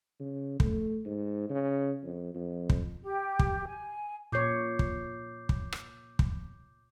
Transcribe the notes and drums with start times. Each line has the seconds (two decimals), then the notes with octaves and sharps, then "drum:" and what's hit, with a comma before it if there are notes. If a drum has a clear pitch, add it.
0.20 C#3
0.60 A3, drum: kick
1.05 G#2
1.50 C#3
2.04 F2
2.35 F2
2.70 drum: kick
3.01 G4
3.39 drum: kick
3.65 G#5
4.32 A#2 C#5 D6 G6 C7
4.79 drum: kick
5.49 drum: kick
5.72 drum: rim click
6.19 drum: kick